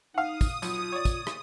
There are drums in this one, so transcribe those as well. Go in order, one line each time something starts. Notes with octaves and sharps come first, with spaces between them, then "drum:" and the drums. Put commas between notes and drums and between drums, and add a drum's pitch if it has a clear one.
D#4 F5 F#5 D#6
drum: kick, tambourine
B1 F4, drum: tambourine
C#5 D5
drum: kick, tambourine
drum: rim click